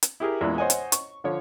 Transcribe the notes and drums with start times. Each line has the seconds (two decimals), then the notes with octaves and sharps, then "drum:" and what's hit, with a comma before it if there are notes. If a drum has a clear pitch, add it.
0.03 drum: hi-hat
0.20 E4 G4 G#4 A#4
0.41 E2 A#2 G#3 B3 E4
0.58 C5 C#5 D#5 F#5 G#5
0.70 drum: hi-hat
0.92 C#6, drum: hi-hat
1.24 D3 F3 C#5